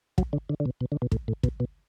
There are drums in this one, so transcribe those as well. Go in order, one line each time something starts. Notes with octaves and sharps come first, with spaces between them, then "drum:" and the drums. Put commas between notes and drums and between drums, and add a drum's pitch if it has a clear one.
F#3, drum: kick
D3
D3
D3
B2
B2
D3
B2
A2, drum: kick
A2
B2, drum: kick
B2